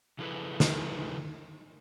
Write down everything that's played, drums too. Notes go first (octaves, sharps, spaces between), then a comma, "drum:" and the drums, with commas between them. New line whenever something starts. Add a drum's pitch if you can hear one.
C#3 F3 E4 G#4 A4 B4
drum: snare